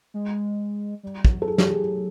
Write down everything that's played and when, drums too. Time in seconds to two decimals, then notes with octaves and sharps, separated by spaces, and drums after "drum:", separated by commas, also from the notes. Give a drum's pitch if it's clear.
0.14 G#3
1.03 G3
1.25 F#3, drum: kick
1.42 A4
1.48 G#4
1.58 G4, drum: snare
1.70 G#4